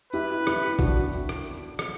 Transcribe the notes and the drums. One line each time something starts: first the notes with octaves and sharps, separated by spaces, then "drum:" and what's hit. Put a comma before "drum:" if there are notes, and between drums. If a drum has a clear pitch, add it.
E4 G4 B4, drum: tambourine
E4 G4, drum: rim click
D4 F#4, drum: kick A1, tambourine
drum: tambourine
drum: rim click
drum: tambourine
drum: rim click